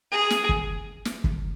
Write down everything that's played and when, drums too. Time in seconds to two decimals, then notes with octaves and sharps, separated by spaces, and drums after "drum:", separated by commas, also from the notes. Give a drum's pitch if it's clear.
0.12 G#4
0.30 drum: snare
0.49 drum: kick
1.05 drum: snare
1.24 drum: kick